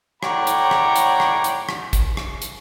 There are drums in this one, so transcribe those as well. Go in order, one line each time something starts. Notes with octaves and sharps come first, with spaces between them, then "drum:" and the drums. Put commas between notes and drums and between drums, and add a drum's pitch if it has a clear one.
A2 C#5 D5 F#5 G5 A#5, drum: rim click
drum: hi-hat
drum: rim click
drum: hi-hat
drum: rim click
drum: hi-hat
drum: rim click
drum: kick, hi-hat
drum: rim click
drum: hi-hat